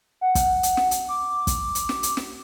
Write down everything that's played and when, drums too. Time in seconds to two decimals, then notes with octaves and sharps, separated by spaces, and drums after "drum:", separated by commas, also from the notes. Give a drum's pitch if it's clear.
0.21 F#5
0.35 drum: kick, hi-hat
0.63 drum: hi-hat
0.77 drum: snare
0.91 drum: hi-hat
1.09 D6
1.47 drum: kick, hi-hat
1.75 drum: hi-hat
1.89 drum: snare
2.03 drum: hi-hat
2.17 drum: snare